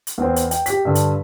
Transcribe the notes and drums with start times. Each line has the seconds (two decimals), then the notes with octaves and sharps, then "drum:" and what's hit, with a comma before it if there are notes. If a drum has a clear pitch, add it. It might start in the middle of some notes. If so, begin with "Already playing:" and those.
0.07 drum: hi-hat
0.18 E2 C4
0.36 drum: hi-hat
0.51 G5, drum: hi-hat
0.66 G4 B6, drum: hi-hat
0.85 G2 D3
0.95 drum: hi-hat